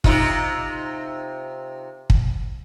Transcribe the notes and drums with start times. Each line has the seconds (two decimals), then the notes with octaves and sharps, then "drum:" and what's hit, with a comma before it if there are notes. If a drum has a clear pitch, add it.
0.04 C3 D#4 F4, drum: kick
2.10 drum: kick